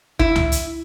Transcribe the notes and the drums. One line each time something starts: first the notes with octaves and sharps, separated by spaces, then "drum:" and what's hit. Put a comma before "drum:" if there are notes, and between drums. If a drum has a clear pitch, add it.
E4, drum: kick
drum: tom
drum: hi-hat